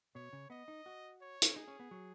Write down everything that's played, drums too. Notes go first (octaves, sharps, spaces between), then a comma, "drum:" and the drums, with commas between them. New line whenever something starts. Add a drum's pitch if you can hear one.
B2 C#5
C#3
B3 D#5
D#4
F#4
C#5
drum: hi-hat
D#4 G#4
C#4
B3
F#3